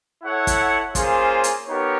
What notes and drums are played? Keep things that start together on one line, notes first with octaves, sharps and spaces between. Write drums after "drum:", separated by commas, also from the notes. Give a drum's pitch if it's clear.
E4 A4 C#5 F#5
drum: kick, hi-hat
A#3 C#4 F4 G#4 C5, drum: kick, hi-hat
drum: hi-hat
B3 D#4 G4 A#4 C#5